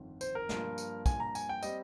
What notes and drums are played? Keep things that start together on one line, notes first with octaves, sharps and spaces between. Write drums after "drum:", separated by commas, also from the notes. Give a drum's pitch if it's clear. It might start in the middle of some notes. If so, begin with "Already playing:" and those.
Already playing: G1 F2 D#3
C5, drum: tambourine
A#4
G2 F3 A#3, drum: snare
drum: tambourine
G#5, drum: kick, tambourine
A#5
G#5, drum: tambourine
G5
G3 C4 D#5, drum: tambourine